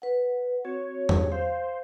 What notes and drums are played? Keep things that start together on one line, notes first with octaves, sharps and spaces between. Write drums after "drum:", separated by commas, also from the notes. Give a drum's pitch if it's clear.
B4 F#5
C4 F#4 C#5
drum: tom E2
C5 F5